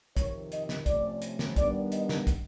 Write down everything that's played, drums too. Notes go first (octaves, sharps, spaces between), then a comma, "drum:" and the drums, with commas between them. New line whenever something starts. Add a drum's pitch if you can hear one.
F2 C3 D#3 C#5, drum: kick, hi-hat
D#5, drum: hi-hat
drum: snare
C3 F3 A3 C#4 D5, drum: kick, hi-hat
drum: hi-hat
drum: snare
D#3 G3 B3 D4 D5, drum: kick, hi-hat
D#5, drum: hi-hat
drum: snare
drum: kick, hi-hat